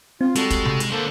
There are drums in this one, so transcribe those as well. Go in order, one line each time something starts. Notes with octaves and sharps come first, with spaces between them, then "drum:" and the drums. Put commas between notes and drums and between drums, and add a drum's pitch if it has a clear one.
C4 F4
G3 G#3 F#4 A4, drum: hi-hat
drum: kick, hi-hat
drum: tom C3
drum: hi-hat
D3 A#3 A4 C5